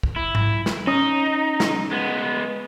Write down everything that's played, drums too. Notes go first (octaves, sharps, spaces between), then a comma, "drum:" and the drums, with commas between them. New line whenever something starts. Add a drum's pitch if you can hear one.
drum: kick
E4
drum: tom G#2
drum: snare
C#4 D#4 D#6
drum: snare
G#3 B3